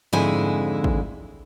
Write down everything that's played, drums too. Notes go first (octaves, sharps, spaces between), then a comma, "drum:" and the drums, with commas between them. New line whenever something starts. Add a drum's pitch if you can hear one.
F2 G#2 D3 G#3 E4 G#5
drum: kick